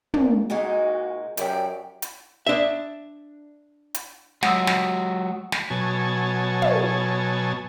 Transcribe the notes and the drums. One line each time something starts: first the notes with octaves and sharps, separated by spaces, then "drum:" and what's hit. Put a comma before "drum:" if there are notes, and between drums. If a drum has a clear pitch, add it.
A#2, drum: tom
A#2 G#3 D#4 F#4
F#2 G4 D5, drum: hi-hat
drum: hi-hat
D4 E5
drum: hi-hat
F#3 G#3 F#4 F#5 D#6 E6, drum: snare
drum: snare
drum: snare
B2 F#3 C#5 G#5 A5
drum: tom